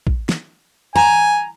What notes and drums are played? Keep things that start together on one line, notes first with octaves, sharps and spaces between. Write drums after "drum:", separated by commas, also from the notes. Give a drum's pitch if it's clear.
drum: kick
drum: snare
G#5 A#5